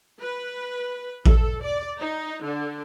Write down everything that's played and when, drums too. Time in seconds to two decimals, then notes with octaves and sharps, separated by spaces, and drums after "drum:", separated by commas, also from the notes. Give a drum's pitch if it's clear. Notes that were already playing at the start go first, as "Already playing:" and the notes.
0.20 B4
1.26 A4, drum: kick A1
1.63 D5
1.99 D#4
2.43 D3